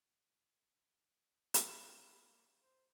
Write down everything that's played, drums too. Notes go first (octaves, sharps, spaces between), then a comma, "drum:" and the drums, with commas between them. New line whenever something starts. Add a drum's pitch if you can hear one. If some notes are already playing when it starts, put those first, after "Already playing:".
drum: hi-hat
A#3
C5